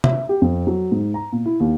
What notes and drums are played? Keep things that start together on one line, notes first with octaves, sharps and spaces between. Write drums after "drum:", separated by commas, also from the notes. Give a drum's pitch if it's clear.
E5, drum: tom C3
G4
F2
F#3
G#2
A#5
A#2
E4
D#2